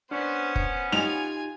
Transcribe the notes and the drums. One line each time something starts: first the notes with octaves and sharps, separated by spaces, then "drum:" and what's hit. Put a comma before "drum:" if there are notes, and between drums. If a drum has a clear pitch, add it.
B3 C#4 D4 C5 F#6
drum: kick
D#4 F4 G4 G#5 F7, drum: snare